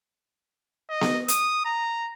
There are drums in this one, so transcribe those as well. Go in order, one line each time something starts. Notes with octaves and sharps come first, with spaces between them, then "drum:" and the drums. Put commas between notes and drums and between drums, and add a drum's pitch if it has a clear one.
D#5
drum: snare B3
D#6, drum: hi-hat
A#5